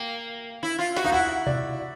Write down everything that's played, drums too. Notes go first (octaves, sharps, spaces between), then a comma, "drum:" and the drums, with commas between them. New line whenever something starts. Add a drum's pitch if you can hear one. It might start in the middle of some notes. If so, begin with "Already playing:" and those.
Already playing: A#3 G5
E4
F4
F#4, drum: snare
D#4 F5
E4 F#5
D5, drum: tom B2